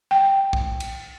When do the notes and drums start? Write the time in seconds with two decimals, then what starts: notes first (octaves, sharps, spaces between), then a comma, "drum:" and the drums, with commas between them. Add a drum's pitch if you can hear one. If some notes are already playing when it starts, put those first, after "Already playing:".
0.11 G5
0.53 drum: kick
0.80 drum: cymbal